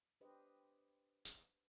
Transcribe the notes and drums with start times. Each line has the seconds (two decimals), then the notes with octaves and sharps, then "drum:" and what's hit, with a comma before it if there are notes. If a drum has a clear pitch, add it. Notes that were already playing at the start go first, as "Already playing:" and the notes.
0.21 D4 G4 B4 C5 D#5
1.25 drum: hi-hat